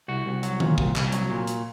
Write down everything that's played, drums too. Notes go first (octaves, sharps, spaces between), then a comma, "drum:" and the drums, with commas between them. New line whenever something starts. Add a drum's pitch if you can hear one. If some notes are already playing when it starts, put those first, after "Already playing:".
C2 F#4
C2
F#3, drum: hi-hat
A#2, drum: tom D3
C2, drum: kick
C2, drum: clap
F#3, drum: hi-hat
A#2
drum: hi-hat